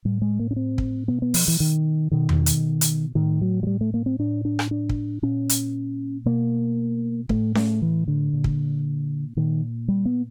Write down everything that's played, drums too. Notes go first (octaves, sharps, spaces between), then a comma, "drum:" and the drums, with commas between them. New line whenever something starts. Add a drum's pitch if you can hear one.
A2 G3
G#3
A#3
C#4
C4
drum: kick
B2 B3
B3
F3, drum: open hi-hat
E3
D#3
B2 D#3
drum: tom E2
drum: hi-hat
drum: hi-hat
A2 D#3
F#3
F#3
G3
A3
A#3
C4
A2 D4
D4
drum: rim click
D4
drum: kick
A#2 C#4
drum: hi-hat
B2 A#3
A2 A3, drum: kick
A3, drum: snare C#4
E3
D3
A#2
drum: kick
A#2 D#3
G3
B3